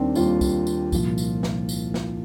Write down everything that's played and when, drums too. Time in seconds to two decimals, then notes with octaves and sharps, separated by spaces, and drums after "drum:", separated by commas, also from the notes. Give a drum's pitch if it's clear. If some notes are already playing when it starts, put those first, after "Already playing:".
Already playing: D#2 D#3 G3 C4 D4
0.15 D#2 D#3 G3 F4, drum: tambourine
0.41 drum: kick, tambourine
0.67 drum: tambourine
0.92 C2 A#2 F3, drum: kick, tambourine
1.18 drum: tambourine
1.43 drum: snare
1.69 drum: tambourine
1.94 drum: snare